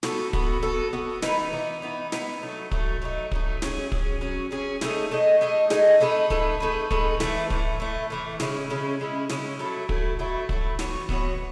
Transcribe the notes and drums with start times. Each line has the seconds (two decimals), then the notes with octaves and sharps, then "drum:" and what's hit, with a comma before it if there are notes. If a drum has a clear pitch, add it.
0.03 B3 F#4 A4, drum: snare
0.33 B3 F#4 A4, drum: kick
0.63 B3 F#4 A4
0.93 B3 F#4 A4
1.22 E3 B3 D#4, drum: snare
1.53 E3 B3 D#4
1.82 E3 B3 D#4
2.12 E3 B3 D#4, drum: snare
2.42 F#3 A3 D#4
2.71 F#3 A3 D#4, drum: kick
3.02 F#3 A3 D#4
3.32 F#3 A3 D#4, drum: kick
3.62 F#3 C#4 G#4, drum: snare
3.92 F#3 C#4 G#4, drum: kick
4.21 F#3 C#4 G#4
4.51 F#3 C#4 G#4
4.81 A3 D#4 G#4 D#5, drum: snare
5.11 A3 D#4 G#4 D#5
5.41 A3 D#4 G#4 D#5
5.70 A3 D#4 G#4 D#5, drum: snare
6.00 A3 D#4 G#4 B4
6.30 A3 D#4 G#4 B4, drum: kick
6.60 A3 D#4 G#4 B4
6.91 A3 D#4 G#4 B4, drum: kick
7.20 A2 E3 A3, drum: snare
7.50 A2 E3 A3, drum: kick
7.80 A2 E3 A3
8.10 A2 E3 A3
8.40 C#3 G#3 C#4 E4, drum: snare
8.70 C#3 G#3 C#4 E4
9.00 C#3 G#3 C#4 E4
9.29 C#3 G#3 C#4 E4, drum: snare
9.59 F#3 A3 E4
9.89 F#3 A3 E4, drum: kick
10.19 F#3 A3 E4
10.49 F#3 A3 E4, drum: kick
10.79 E3 B3 F#4 C#5, drum: snare
11.09 E3 B3 F#4 C#5, drum: kick